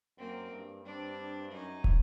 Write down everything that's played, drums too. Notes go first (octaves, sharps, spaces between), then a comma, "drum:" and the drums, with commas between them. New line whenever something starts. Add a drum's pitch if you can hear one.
F#2 A#3 C4
G2
G2 C4 D4
F#2 C#4 D#4
drum: kick